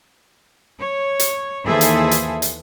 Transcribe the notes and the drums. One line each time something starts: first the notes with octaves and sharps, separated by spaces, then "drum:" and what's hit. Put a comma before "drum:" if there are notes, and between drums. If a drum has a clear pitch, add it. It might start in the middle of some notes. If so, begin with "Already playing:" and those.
C#5
drum: hi-hat
D#2 E3 G#4 A4 C5 E5
drum: hi-hat
drum: hi-hat
drum: hi-hat